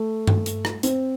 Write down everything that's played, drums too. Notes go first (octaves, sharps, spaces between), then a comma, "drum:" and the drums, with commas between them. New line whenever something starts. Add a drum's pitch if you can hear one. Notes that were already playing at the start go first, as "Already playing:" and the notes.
Already playing: A3
drum: tom G2
drum: hi-hat
drum: rim click
C4, drum: hi-hat